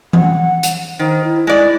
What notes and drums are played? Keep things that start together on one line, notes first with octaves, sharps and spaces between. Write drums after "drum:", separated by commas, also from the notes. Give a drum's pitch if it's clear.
F#5, drum: tom E3
drum: hi-hat
D#3 C5
E4
G#3 D5